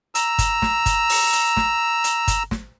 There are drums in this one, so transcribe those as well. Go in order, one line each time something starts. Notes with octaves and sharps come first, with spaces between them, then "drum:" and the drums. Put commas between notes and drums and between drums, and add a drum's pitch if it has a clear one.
A#5 E6, drum: hi-hat
drum: kick, hi-hat
drum: snare
drum: kick, hi-hat
drum: open hi-hat
drum: hi-hat
drum: snare
drum: hi-hat
drum: kick, hi-hat
drum: snare